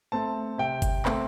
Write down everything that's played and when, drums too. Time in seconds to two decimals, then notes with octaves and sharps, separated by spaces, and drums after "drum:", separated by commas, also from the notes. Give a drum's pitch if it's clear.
0.12 A3 C4 A5
0.58 C3 G5
0.82 drum: kick G1, hi-hat
1.05 A3 C4, drum: clap